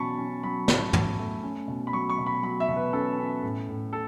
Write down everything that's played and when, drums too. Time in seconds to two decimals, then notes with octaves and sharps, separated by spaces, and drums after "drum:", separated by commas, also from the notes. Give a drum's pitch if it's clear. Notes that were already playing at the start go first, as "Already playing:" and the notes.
Already playing: B2 F#3 C#4 A5 B5 C#6
0.18 C#4
0.43 F#3 B5
0.68 A3, drum: snare
0.93 A3, drum: tom
1.19 A3
1.43 C#4
1.68 B2
1.87 B5
1.93 F#3 C#6
2.10 C#6
2.18 B2
2.26 B5
2.43 F#3 B5
2.60 E5
2.68 B2
2.76 B4
2.93 C#4 A4
3.18 C#4
3.43 A2
3.69 A2
3.93 A4